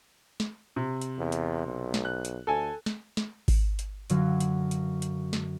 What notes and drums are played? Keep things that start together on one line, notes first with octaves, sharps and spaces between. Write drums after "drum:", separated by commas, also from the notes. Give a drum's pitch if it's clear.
drum: snare
C3
drum: hi-hat
E2
drum: hi-hat
B1
drum: snare
F#6
drum: hi-hat
D2 A4 G#5
drum: snare
drum: snare
drum: kick G#1, open hi-hat
drum: hi-hat
F#2 D3 F#3 F5 G#6, drum: hi-hat
drum: hi-hat
drum: hi-hat
drum: hi-hat
drum: snare